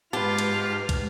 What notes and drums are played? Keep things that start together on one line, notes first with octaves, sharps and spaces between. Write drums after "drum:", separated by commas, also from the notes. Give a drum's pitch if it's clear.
G#2 F4 G4 B4 A5 F6
drum: cymbal
drum: kick, cymbal